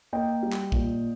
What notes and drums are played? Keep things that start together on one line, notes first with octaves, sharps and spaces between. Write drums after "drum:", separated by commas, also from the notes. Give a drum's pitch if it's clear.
A#3 D#5 G5
G3
drum: clap
A#2, drum: kick